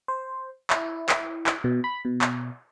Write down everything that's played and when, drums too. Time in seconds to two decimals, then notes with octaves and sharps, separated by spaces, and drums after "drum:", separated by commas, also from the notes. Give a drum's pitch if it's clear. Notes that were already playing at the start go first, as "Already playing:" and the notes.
0.08 C5
0.70 E4, drum: clap
1.09 drum: clap
1.46 drum: clap
1.64 B2
1.84 B5
2.05 B2
2.21 drum: clap